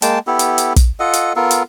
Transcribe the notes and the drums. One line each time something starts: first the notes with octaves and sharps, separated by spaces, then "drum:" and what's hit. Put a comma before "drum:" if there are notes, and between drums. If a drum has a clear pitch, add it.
G#3 A#3 G5 A5, drum: hi-hat
B3 E4 G4 A4
drum: hi-hat
drum: hi-hat
drum: kick, hi-hat
F4 A4 D#5 F#5
drum: hi-hat
B3 F4 A4 A#4
drum: hi-hat